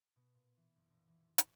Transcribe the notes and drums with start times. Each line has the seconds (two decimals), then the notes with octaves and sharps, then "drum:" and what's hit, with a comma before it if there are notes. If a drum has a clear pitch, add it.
0.16 B2
0.35 A#2
0.57 E3
0.76 F#1
0.89 A#1
1.07 E3
1.21 D#1
1.38 A2, drum: hi-hat